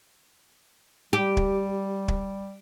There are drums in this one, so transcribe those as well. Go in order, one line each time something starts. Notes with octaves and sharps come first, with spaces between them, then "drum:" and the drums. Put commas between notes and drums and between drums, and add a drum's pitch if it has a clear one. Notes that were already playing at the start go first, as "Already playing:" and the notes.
G3 G4
drum: kick
drum: kick